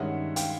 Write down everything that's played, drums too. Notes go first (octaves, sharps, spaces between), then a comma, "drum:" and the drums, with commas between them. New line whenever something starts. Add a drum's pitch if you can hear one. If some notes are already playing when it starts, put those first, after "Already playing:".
Already playing: G2 D#3 G#3 C#4 E5 F#5
F5 G5, drum: hi-hat